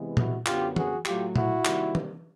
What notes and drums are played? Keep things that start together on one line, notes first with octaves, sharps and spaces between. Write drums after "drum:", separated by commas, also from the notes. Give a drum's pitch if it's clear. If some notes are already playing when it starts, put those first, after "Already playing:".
Already playing: C3 E3 G#3 B3
E4 F#4, drum: tom A#2
F#2 D3 F#3 B3 F4 G4, drum: clap
F#4 G#4, drum: tom
A2 F#3 A3 F4 G4, drum: clap
E4 F#4, drum: tom A#2
C3 D#3 G3 A#3, drum: clap
drum: tom